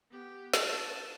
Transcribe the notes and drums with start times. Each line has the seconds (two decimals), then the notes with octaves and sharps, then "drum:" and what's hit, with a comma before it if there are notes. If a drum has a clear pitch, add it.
0.11 B3 G4
0.54 drum: snare
0.66 A5